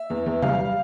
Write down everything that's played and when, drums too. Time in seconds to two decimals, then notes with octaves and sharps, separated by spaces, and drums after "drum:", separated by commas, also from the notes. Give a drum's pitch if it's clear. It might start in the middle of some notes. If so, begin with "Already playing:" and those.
Already playing: E5
0.10 E2
0.26 E2
0.42 G3 F5, drum: tom C3
0.59 G3